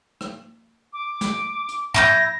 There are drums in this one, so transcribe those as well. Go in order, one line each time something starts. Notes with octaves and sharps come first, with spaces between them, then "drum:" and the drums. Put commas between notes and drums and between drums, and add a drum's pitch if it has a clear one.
drum: rim click
D6
drum: snare
drum: hi-hat
E4 D6 G6 A#6, drum: tom